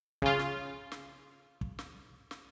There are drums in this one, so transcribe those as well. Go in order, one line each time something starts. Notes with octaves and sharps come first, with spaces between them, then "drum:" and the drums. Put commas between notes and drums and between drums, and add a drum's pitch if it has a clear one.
C#3 F4, drum: kick
drum: snare
drum: snare
drum: kick
drum: snare
drum: snare